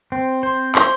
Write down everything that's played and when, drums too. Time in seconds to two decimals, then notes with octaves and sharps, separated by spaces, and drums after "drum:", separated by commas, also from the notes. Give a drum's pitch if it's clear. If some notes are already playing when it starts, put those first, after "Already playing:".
0.12 C4
0.43 C5
0.75 C5, drum: clap